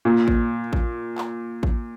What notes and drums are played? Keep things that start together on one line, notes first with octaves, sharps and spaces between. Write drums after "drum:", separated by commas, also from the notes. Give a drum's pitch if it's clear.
A#2
drum: kick A1
drum: kick A1
drum: clap
drum: kick A1